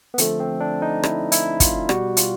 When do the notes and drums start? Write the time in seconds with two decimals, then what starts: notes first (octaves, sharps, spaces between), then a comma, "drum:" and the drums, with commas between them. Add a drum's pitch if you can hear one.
0.14 B3
0.18 D3 F3 A3 C4, drum: hi-hat
0.40 C4
0.60 D4
0.82 D#4
1.03 E4, drum: rim click
1.32 E4, drum: hi-hat
1.60 F4, drum: kick, hi-hat
1.89 B2 G3 F#4, drum: rim click
2.17 F4, drum: hi-hat